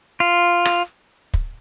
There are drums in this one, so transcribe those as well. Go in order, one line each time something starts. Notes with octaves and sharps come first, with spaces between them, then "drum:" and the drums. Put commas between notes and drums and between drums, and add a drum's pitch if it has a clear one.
F4
drum: rim click
drum: kick